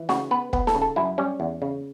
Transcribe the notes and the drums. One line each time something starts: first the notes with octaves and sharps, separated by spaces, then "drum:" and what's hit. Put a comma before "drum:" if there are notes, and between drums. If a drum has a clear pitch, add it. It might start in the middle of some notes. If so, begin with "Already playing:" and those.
Already playing: E3
C#3 F#4, drum: snare
B3 B4
B3, drum: kick
A4, drum: snare
C#3
A4
F#2 E4
G3 C#4
E2
C#3